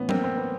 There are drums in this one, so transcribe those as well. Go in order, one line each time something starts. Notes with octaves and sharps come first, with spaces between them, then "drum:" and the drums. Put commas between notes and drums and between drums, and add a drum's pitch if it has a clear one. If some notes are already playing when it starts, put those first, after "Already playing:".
Already playing: A2 E3 B3 C#4
A#3 C4, drum: tom F#3
C4
B3